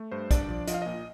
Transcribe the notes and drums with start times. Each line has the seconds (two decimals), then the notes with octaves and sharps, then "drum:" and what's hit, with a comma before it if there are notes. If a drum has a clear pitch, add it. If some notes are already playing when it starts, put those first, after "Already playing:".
Already playing: A3
0.12 G2 C5
0.31 D4 D5, drum: kick, hi-hat
0.49 F3
0.67 F3 D#5, drum: hi-hat
0.74 F5
0.82 A#2 D#5